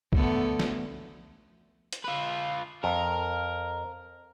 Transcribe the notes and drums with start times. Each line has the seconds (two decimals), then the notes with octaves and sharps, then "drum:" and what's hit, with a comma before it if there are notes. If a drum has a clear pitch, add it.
0.13 D3 A3 B3, drum: kick
0.59 drum: snare
1.93 drum: hi-hat
2.04 F4 B4
2.84 F2 A#4